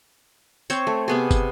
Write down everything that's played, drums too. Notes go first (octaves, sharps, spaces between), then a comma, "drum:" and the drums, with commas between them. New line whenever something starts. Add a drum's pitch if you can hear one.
C4 C5 C#5, drum: tambourine
A3
C3 B3 G#4
drum: kick, tambourine